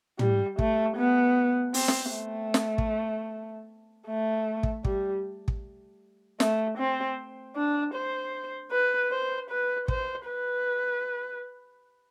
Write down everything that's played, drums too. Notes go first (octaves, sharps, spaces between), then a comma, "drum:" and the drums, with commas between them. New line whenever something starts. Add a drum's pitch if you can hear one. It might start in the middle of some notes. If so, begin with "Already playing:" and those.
G3, drum: tom
A3, drum: kick
B3
C4, drum: open hi-hat
drum: snare
A3
drum: snare
drum: kick
A3
drum: kick
G3, drum: kick
drum: kick
A3, drum: snare
C4
D4
C5
B4
C5
B4
C5, drum: kick
B4